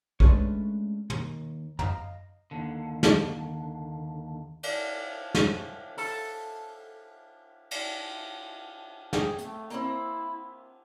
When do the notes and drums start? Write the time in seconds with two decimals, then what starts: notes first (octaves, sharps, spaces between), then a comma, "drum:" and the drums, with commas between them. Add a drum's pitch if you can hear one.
0.20 G#3 A3 C#4 D4 B4 C#5, drum: kick
1.10 D#2, drum: tom
1.79 D#5 F5 A#5, drum: tom
2.51 D#2 D3
3.03 drum: snare
4.63 drum: cymbal
5.35 drum: snare
5.98 A4, drum: open hi-hat
7.71 drum: cymbal
9.13 G#4 G5, drum: snare
9.39 A3, drum: hi-hat
9.70 A#3 C4 E4, drum: hi-hat